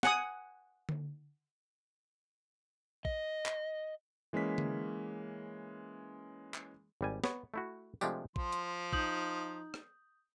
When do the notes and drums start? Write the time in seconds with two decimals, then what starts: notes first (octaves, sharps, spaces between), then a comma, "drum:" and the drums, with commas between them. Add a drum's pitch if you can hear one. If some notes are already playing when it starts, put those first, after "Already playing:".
0.03 F#5 G#5 D#6, drum: snare
0.89 drum: tom D3
3.05 D#5, drum: kick
3.46 drum: clap
4.33 E3 G#3 A#3 C#4 B6
4.58 drum: tom D3
6.54 drum: clap
7.01 G#1 G3 G#5
7.24 B3 C#5, drum: snare
7.54 A3 E4 F#4
8.01 C3 F3 G#3 A3 D4 G4, drum: tambourine
8.36 F3 C6, drum: kick
8.52 drum: hi-hat
8.93 D#4 D#6 G6 F#7, drum: kick
9.74 drum: rim click